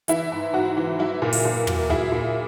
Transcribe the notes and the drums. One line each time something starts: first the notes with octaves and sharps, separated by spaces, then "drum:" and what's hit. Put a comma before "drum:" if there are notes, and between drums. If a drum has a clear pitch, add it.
E3 E4, drum: hi-hat
G#2
G#2 F#4
E3
F#3 E4
A#2
drum: open hi-hat
A#2
F#3, drum: tom
F#3 E4 G#4
A#2